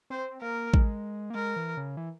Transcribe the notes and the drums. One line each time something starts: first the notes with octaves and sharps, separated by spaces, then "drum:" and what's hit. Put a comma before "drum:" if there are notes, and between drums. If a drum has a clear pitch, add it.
C4 C5
A#3 A#4
G#3, drum: kick A1
A#3
G#3 A#4
E3
C#3
E3